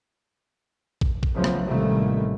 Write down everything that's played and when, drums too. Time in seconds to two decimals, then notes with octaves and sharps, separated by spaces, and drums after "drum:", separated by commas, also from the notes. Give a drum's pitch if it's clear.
1.01 drum: kick
1.23 drum: kick
1.35 C#3 F3 F#3 A3 B3
1.44 drum: rim click
1.65 A1 C3 D#3 G3 A3 A#3